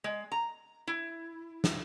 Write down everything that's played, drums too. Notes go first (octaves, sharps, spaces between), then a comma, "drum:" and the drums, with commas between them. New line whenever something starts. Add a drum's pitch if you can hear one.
G#3
A#5
E4
drum: snare